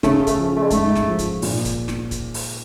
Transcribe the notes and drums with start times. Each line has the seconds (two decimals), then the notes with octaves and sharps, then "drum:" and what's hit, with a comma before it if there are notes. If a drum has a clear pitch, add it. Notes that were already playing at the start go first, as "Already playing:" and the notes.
0.03 C#3 A3, drum: snare
0.27 A3, drum: kick, hi-hat
0.38 F3
0.56 A3
0.63 G#3
0.70 G#2 A3, drum: kick, hi-hat
0.95 drum: snare
1.07 F3
1.19 drum: kick, hi-hat
1.42 A#2, drum: open hi-hat
1.65 drum: kick, hi-hat
1.88 drum: snare
2.11 drum: kick, hi-hat
2.34 drum: open hi-hat